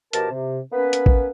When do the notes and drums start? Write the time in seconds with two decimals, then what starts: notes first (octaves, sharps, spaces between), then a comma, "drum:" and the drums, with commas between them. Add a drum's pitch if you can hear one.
0.13 B2 F3 G4 A#4 A5, drum: hi-hat
0.31 C3
0.72 A#3 B3 C#4 B4
0.93 drum: hi-hat
1.06 drum: kick